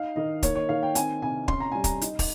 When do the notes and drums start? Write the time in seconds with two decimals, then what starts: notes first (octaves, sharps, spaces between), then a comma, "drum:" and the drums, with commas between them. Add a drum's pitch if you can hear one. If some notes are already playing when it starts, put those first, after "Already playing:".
Already playing: D#4 F5
0.16 D#3 D#5
0.43 A#3 C#5, drum: kick, hi-hat
0.55 C#5
0.69 D#3 F5
0.83 G5
0.95 C4 G#5, drum: hi-hat
1.22 C3 G#5
1.48 C#4 C6, drum: kick
1.60 A#5
1.72 G3 G#5
1.84 A#5, drum: kick, hi-hat
2.01 D#4, drum: hi-hat
2.19 drum: kick, open hi-hat